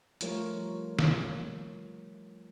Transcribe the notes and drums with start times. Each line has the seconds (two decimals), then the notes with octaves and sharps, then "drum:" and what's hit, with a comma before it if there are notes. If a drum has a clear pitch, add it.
0.21 F3 G3 A3 F4 A#4 C#5, drum: hi-hat
0.99 drum: snare